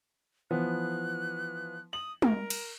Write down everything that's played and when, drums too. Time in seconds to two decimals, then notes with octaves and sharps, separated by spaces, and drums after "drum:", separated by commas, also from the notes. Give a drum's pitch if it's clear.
0.51 E3 F3 B3 F#6
1.93 D#6 F#7
2.22 A#4, drum: tom
2.50 drum: cymbal